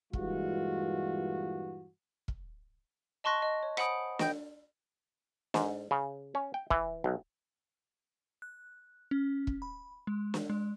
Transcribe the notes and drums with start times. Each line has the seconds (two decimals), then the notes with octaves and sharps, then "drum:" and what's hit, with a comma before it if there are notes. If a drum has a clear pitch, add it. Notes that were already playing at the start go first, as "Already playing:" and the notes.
0.13 G2 A#2 E3 G#3 F4 F#4, drum: kick
2.28 drum: kick
3.24 D#5 A5 C6 C#6 F#6 A#6
3.42 D#5
3.63 C#5
3.77 C5 F#5 G#5 B5 D#6 D7, drum: rim click
4.19 D#5 G5 G6, drum: snare
5.54 G#2, drum: snare
5.91 C#3
6.35 C#4
6.54 G5
6.70 E3, drum: kick
7.04 B1
8.42 F#6
9.11 C#4
9.47 drum: kick
9.62 B5
10.07 G#3
10.34 drum: snare
10.50 G#3